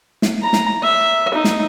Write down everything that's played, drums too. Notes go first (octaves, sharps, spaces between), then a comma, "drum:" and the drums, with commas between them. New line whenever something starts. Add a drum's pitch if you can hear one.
drum: snare
A#5
drum: snare
E5
D#4
drum: snare